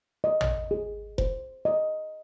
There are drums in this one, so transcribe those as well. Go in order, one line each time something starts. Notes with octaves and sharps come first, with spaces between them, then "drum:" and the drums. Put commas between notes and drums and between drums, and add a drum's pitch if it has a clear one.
D#5
drum: tom
G#4
C5, drum: kick F1
D#5